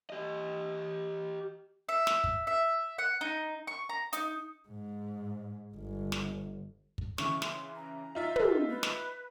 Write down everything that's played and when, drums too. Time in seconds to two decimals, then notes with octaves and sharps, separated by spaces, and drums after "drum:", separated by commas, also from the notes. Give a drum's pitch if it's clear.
0.10 G4 D#5
1.89 E5
2.07 drum: snare
2.24 drum: kick
2.47 E5
2.98 F#5
3.21 D#4
3.67 C#6
3.89 A#5
4.13 D#4, drum: hi-hat
4.68 G#2
5.76 G1
6.12 drum: snare
6.98 drum: kick
7.18 C#3 E3 C#6, drum: snare
7.42 C6, drum: snare
7.76 A#5
8.15 D#4 F4 E5
8.36 drum: tom
8.69 B4
8.83 drum: snare